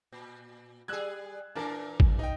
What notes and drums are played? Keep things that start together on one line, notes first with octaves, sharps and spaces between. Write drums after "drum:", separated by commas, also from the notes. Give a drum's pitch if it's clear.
A#2
G3 G#4 E6 F#6 G#6
A#2 E3 D4 A#4 A5
drum: kick
D#4 G5